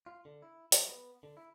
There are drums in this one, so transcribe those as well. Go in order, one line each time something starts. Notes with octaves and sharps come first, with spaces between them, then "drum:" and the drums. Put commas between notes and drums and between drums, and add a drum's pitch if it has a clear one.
F4
D3
E4
F#3, drum: hi-hat
B3
D3
E4